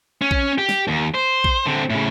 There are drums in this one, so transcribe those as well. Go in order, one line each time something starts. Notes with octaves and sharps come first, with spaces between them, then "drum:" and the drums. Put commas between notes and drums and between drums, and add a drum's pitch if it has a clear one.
C#4
drum: kick A#1
G4
drum: snare
D#2
C5
drum: kick A#1
D3 C4
A2 C#3